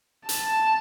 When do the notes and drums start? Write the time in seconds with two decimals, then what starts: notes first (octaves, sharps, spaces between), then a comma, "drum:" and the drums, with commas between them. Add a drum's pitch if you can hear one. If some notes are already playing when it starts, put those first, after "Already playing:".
0.29 A5, drum: hi-hat